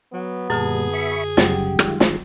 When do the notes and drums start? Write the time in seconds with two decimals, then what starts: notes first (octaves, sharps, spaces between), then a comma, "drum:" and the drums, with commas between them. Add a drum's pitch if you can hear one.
0.13 F#3 B3
0.50 F#2 A#2 D3 G3 G#4 A5
0.93 E5 B5 C#6
1.37 F#2 C#3 F#3 G3 G4, drum: snare
1.79 D#3 G#3 F4, drum: rim click
2.00 drum: snare